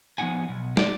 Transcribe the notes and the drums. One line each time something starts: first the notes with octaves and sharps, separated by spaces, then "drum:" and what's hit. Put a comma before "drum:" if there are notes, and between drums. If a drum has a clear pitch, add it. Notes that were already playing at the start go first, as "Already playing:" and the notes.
F3 B3 C4 D#4 F#5 G#5
B1
D5, drum: snare